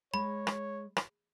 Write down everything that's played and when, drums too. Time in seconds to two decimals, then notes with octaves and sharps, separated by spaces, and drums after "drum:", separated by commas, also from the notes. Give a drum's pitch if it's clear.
0.14 G#3 C#5 B5
0.47 drum: rim click
0.97 drum: rim click